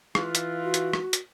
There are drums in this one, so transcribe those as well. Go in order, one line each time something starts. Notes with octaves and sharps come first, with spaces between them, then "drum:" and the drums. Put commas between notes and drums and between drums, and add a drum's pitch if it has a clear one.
E3 F4, drum: rim click
drum: hi-hat
F#4
drum: hi-hat
drum: rim click
drum: hi-hat